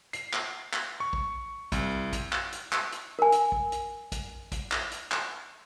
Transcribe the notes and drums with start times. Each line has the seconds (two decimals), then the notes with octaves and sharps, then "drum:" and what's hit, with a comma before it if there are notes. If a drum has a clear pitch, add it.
0.13 C7, drum: hi-hat
0.33 drum: clap
0.73 drum: clap
1.00 C#6
1.13 drum: kick
1.72 C2, drum: kick, hi-hat
2.13 drum: kick, hi-hat
2.33 drum: clap
2.52 drum: hi-hat
2.72 drum: clap
2.92 drum: hi-hat
3.19 A#4 G#5
3.32 drum: hi-hat
3.52 drum: kick
3.72 drum: hi-hat
4.12 drum: kick, hi-hat
4.52 drum: kick, hi-hat
4.72 drum: clap
4.92 drum: hi-hat
5.11 drum: clap